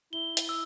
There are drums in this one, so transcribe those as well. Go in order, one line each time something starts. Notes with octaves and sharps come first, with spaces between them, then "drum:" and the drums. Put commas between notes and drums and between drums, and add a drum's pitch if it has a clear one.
E4 G7
drum: hi-hat
E6